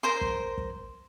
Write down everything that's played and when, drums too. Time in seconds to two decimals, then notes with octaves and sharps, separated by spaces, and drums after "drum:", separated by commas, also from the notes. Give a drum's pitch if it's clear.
0.03 A#4 C5 C6
0.21 drum: kick
0.58 drum: kick